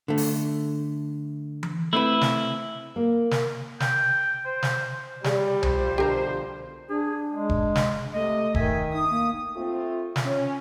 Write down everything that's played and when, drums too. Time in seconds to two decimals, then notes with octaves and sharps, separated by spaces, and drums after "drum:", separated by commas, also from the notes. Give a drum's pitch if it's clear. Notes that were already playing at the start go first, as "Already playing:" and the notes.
0.08 D3 A3
0.18 drum: open hi-hat
1.63 drum: tom E3
1.93 A3 C4 E4 B4
2.21 drum: snare
2.96 A#3
3.31 drum: snare
3.80 G5, drum: snare
4.46 C5
4.63 drum: snare
5.24 G3 G#4 C#5 D5, drum: snare
5.63 F3 C5, drum: tom C2
5.98 B2 D3 G4 A#4 A#5
6.89 D4 G#4
7.33 G#3
7.49 drum: kick E1
7.75 drum: snare
8.13 C3 A3 D#5
8.55 D#3 E5 G#5, drum: kick E1
8.92 D#4 D#6
9.10 A#3
9.56 A3 C4 F4
10.16 drum: snare
10.25 C#4